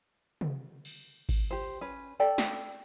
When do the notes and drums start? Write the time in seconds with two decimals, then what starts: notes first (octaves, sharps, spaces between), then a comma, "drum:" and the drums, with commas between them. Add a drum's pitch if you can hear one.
0.41 drum: tom
0.85 drum: cymbal
1.29 drum: kick G#1, cymbal
1.51 G4 C5
1.81 C#4 B4
2.20 A4 D5 G5
2.38 drum: snare